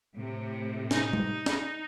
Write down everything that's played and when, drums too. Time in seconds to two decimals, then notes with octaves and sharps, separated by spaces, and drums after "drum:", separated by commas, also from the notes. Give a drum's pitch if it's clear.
0.16 A2 C3
0.91 D#4, drum: snare
1.13 drum: tom G3
1.46 drum: snare